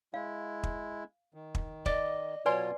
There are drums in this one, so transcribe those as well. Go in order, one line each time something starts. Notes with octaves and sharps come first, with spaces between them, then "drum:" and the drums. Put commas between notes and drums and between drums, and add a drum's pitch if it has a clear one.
G#3 E4 F5
drum: kick
D#3
drum: kick
D5 D#5, drum: kick
B2 F#3 F4 B4 C#5 D5 G#5 C6